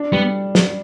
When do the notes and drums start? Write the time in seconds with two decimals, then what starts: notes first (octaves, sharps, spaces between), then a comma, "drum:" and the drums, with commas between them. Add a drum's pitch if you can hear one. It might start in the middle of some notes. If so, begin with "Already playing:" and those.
Already playing: D4
0.12 G3 B3
0.55 drum: snare